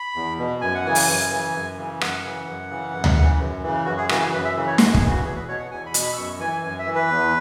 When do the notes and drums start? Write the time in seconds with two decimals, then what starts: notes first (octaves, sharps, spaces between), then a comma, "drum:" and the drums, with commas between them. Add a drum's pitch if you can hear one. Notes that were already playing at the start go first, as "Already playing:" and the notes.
Already playing: B5
0.16 E2
0.39 B2
0.61 F#2 G#5
0.75 F#5
0.85 C#3 E3 G#5
0.95 drum: open hi-hat
1.08 F#2
1.31 C#3 E3
1.54 F#2
1.77 C#3 E3
2.01 F#2 F#5, drum: rim click
2.24 C#3 E3
2.47 F#2
2.70 C#3 E3
2.93 F#2
3.04 drum: tom D2
3.16 C#3 E3
3.39 F#2
3.63 C#3 E3
3.85 F#2 F#4
3.98 G#4
4.09 C#3 E3 F#4, drum: rim click
4.21 G#4
4.32 F#2 B4
4.44 E5
4.55 C#3 E3
4.68 C#5
4.78 F#2 F#4, drum: snare
4.94 G#4, drum: kick
5.02 C#3 E3
5.09 F#4
5.24 E2 G#4
5.36 B4
5.47 B2 C#5
5.59 F#5
5.71 E2 G#5
5.86 B5
5.94 B2, drum: hi-hat
6.02 B5
6.13 E6
6.17 F#2 C#6
6.40 E3 G#5
6.53 G#5
6.63 F#2 G#5
6.79 E5
6.87 E3
6.95 B4
7.10 E2